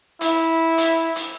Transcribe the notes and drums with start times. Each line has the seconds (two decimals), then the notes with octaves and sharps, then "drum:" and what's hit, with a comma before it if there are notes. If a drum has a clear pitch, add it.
0.21 E4, drum: hi-hat
0.78 drum: hi-hat
1.16 drum: hi-hat